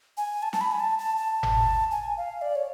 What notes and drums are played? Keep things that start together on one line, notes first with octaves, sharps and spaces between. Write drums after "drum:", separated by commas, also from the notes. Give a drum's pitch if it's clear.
G#5
A5
A5, drum: snare
B5
G#5
A5
A5
A5
drum: tom G1
G#5
F5
D5
C#5